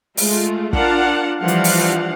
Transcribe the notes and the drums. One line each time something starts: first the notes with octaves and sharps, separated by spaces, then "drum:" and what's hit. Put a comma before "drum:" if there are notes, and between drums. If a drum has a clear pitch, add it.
G#3 A3 F4, drum: open hi-hat
D4 F4 A#4 F5 F#5 A5, drum: kick
E3 F3 G3 D4 F5 F#5
drum: hi-hat
drum: open hi-hat